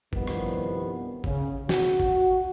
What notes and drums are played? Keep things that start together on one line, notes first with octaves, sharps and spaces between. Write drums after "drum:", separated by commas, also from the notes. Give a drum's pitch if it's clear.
C2 G2 D#3 F3 B3, drum: kick G#1
drum: rim click
C#3, drum: kick G#1
F#4, drum: snare
drum: kick G#1